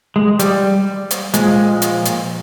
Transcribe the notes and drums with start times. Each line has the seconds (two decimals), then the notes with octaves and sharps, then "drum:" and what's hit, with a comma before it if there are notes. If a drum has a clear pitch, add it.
0.16 G#3
0.39 G3, drum: hi-hat
1.11 drum: hi-hat
1.34 A#2 F3 G#3, drum: hi-hat
1.82 drum: hi-hat
2.05 drum: hi-hat